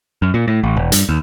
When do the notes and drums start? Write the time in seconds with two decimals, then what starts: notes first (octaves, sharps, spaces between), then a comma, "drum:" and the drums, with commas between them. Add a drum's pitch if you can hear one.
0.22 F#2
0.34 A#2
0.48 A2
0.63 A1
0.76 E1
0.92 G2, drum: hi-hat
1.09 D#2